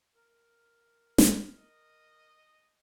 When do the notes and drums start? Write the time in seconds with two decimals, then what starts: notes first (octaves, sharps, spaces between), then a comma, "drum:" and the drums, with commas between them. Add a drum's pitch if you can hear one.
0.16 A#4
1.18 drum: snare
1.59 D#5